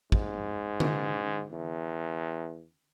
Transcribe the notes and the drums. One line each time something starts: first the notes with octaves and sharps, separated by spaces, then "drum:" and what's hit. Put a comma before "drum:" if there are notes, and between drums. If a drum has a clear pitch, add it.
G#2, drum: kick
drum: tom D3
E2